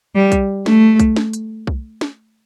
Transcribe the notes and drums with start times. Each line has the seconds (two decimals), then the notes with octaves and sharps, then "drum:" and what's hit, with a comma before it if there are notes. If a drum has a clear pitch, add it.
0.15 G3
0.32 drum: kick B1, hi-hat
0.66 A3, drum: snare
1.00 drum: kick B1, hi-hat
1.16 drum: snare
1.33 drum: hi-hat
1.67 drum: kick B1
2.01 drum: snare